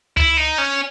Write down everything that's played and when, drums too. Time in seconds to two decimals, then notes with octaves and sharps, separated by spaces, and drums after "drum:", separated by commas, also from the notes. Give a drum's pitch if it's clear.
0.17 E4, drum: tom C#2
0.37 D#4
0.58 C#4